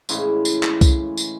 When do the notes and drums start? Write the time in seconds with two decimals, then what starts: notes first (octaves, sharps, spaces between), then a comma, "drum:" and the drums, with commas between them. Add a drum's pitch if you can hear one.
0.09 A2 C#3 E3 G#3, drum: tambourine
0.45 drum: tambourine
0.63 drum: clap
0.81 drum: kick C2, tambourine
1.17 drum: tambourine